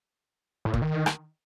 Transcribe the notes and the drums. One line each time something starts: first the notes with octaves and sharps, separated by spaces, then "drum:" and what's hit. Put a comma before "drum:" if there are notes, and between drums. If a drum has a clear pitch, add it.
A2
A#2, drum: kick
D#3
drum: rim click